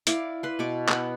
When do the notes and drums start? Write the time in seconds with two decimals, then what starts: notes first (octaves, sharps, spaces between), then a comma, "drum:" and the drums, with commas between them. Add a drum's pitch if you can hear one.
0.07 E4 D5 F5 D6, drum: hi-hat
0.43 B4 C6
0.59 B2 C#6 D6
0.89 B3 F#5, drum: clap